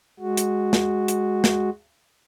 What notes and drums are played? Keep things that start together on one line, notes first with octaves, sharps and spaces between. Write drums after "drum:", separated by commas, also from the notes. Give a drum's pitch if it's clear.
G#3 F#4
drum: hi-hat
drum: snare
drum: hi-hat
drum: snare